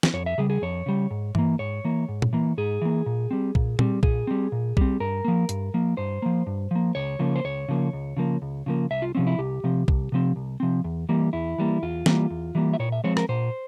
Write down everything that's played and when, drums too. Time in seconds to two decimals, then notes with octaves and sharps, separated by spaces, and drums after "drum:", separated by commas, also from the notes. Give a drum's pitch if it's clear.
0.03 drum: snare
0.13 F2 C#5
0.26 E5
0.38 C#3 G3 G#4
0.50 G#4
0.62 F2 C#5
0.86 C#3 G3
1.11 G#2
1.35 E3 A#3, drum: tom G2
1.59 G#2 C#5
1.85 E3 A#3
2.08 G#2
2.22 drum: tom A#2
2.33 E3 A#3
2.58 G#2 G#4
2.82 E3 A#3
3.06 A#2
3.31 G3 C4
3.55 A#2, drum: kick B1
3.79 G3 C4, drum: tom A#2
4.03 A#2 G#4, drum: kick B1
4.27 G3 C4
4.52 A#2
4.77 G3 C4, drum: kick B1
5.00 G2 A#4
5.25 F3 A#3
5.49 G2, drum: hi-hat
5.74 F3 A#3
5.97 G2 C5
6.22 F3 A#3
6.47 G2
6.71 F3 A#3
6.95 C#2 C#5
7.19 C#3 F3 A#3
7.36 C5
7.44 C#2 C#5
7.69 C#3 F3 A#3
7.93 C#2
8.17 C#3 F3 A#3
8.42 C#2
8.66 C#3 F3 A#3
8.91 C2 E5
9.02 F4
9.15 C3 F3 C4 C#4
9.27 E4
9.38 C2 G4
9.64 C3 F3 C4
9.88 C2, drum: kick B1
10.12 C3 F3 C4
10.36 C2
10.60 C3 F3 C4
10.84 E2
11.09 E3 G3 A#3
11.33 E2 E4
11.58 E3 G3 A#3
11.82 E2 F4
12.06 E3 G3 A#3, drum: snare
12.31 E2
12.55 E3 G3 A#3
12.74 E5
12.79 A#2 C#5
12.92 E5
13.04 F3 G#3 C4 C#5
13.17 A#4, drum: rim click
13.29 A#2 C5